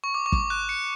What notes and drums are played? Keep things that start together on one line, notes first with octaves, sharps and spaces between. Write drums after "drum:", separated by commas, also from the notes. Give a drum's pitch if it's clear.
C#6
D6
C#6
D6, drum: kick
F#6
C#7